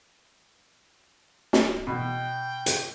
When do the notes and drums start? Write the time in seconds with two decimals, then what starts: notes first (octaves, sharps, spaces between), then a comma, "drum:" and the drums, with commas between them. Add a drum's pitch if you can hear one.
1.53 drum: snare
1.87 B2 G5
2.66 drum: hi-hat